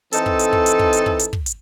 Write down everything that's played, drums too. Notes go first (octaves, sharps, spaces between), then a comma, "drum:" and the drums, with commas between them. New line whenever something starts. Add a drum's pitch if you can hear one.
E3 C4 D#4 A4, drum: hi-hat
drum: kick
drum: hi-hat
drum: kick
drum: hi-hat
drum: kick
drum: hi-hat
drum: kick
drum: hi-hat
drum: kick
drum: hi-hat